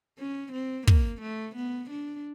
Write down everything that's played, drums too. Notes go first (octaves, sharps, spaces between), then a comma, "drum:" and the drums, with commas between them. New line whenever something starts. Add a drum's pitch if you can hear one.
C#4
C4
A#3, drum: kick
A3
B3
D4